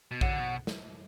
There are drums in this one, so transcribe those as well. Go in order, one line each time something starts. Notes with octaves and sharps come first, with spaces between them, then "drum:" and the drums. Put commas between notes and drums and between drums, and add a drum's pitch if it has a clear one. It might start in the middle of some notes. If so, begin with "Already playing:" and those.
B2
D3 F#3, drum: kick A#1
B2
drum: snare